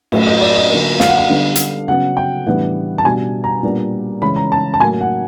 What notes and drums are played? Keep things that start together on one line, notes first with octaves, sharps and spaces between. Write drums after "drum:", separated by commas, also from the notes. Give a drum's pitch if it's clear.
A2 F#3 A3 C#4, drum: cymbal
D#5
D5
D#5
D3 F#3 A#3
F5, drum: snare
F#5
F5
D3 G3 B3 D4
drum: hi-hat
C#3 F#3 B3 F#5
G5
A2 E3 G3 B3 D4 F#5
A5
B2 G3 B3 D4 G#5
A#5
A#2 G3 B3 D4
C#3 E3 G#3 C#4 B5
A#5
A5
A5
A2 F#3 A#3 G#5
F#5